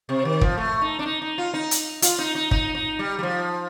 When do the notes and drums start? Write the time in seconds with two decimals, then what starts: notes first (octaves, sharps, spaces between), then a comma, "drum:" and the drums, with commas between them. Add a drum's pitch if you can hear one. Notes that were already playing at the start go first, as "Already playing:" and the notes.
0.09 C3
0.25 D#3
0.41 F3, drum: kick
0.57 A3
0.81 D#4
0.99 D4
1.06 D#4
1.22 D#4
1.38 F4
1.54 D#4
1.71 drum: hi-hat
2.02 F4, drum: hi-hat
2.19 D#4
2.35 D#4
2.51 D#4, drum: kick
2.75 D#4
2.99 G3
3.19 G3
3.23 F3